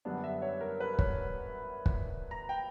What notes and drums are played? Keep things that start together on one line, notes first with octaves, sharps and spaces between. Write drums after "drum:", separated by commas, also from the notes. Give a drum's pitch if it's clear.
F#2 D3 G3 B3 D4
E5
C#5
A#4
B4
C#5, drum: kick
drum: kick
A#5
G5